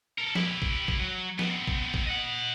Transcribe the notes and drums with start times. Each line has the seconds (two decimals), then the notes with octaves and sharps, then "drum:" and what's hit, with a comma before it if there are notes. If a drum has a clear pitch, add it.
0.18 A4 A#4
0.35 E4 G4, drum: snare
0.62 drum: kick
0.88 drum: kick
1.00 F#3
1.39 B3 C4, drum: snare
1.67 drum: kick
1.94 drum: kick
2.07 D#5 F#5